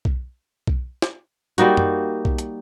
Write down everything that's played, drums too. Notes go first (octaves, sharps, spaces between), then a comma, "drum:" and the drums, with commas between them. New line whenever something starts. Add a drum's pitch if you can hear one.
drum: kick B1
drum: kick B1
drum: snare
G3 A#3 D#4 F#4, drum: hi-hat
drum: tom F#2
drum: kick B1
drum: hi-hat